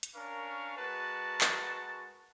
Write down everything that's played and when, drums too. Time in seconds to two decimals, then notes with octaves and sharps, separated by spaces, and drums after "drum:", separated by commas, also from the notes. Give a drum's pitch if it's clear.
0.03 drum: hi-hat
0.15 C#4 D4 A#4 F5 C#6
0.77 G#3 F#4 A#4 B4 A5
1.41 drum: clap